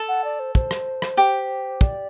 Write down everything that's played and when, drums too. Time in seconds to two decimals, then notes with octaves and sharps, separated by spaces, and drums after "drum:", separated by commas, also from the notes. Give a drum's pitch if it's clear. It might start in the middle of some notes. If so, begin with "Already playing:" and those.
Already playing: A4
0.08 F#5
0.24 D5
0.39 C5
0.55 C5, drum: kick
0.71 drum: rim click
1.02 drum: rim click
1.17 G4
1.81 D5, drum: kick